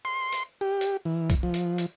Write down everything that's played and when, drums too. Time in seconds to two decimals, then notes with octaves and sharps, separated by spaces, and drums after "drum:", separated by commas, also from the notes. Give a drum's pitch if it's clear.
0.05 C6
0.33 drum: hi-hat
0.61 G4
0.81 drum: hi-hat
1.05 E3
1.30 drum: kick B1, hi-hat
1.43 F3
1.54 drum: hi-hat
1.78 drum: hi-hat